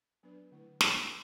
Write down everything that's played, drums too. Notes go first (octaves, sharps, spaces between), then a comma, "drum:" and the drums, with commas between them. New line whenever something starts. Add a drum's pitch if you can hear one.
F#3 B3 D4 B4 D5
D3 A3 E4 B4
B3 D4 B4, drum: snare